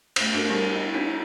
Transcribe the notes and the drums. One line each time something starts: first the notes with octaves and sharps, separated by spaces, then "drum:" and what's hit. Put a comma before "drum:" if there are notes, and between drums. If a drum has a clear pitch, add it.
A3 C5, drum: cymbal
D4 F#4 A4 A#4
G3 D4 G4 A#4 C5
D#5
C4 D4 D#4 F#4 C#5